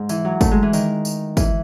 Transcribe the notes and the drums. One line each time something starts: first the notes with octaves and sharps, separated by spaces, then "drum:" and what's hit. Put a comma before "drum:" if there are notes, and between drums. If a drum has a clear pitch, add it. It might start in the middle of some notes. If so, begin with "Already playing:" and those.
Already playing: G#2
E3, drum: tambourine
F#3
A3, drum: kick, tambourine
G#3
E3
D#3, drum: tambourine
drum: tambourine
E3, drum: kick, tambourine